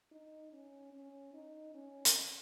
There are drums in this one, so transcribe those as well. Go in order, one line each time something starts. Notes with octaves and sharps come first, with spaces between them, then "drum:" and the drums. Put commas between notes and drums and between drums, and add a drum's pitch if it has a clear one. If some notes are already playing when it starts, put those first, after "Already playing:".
D#4
C#4
C#4
D#4
C#4
drum: hi-hat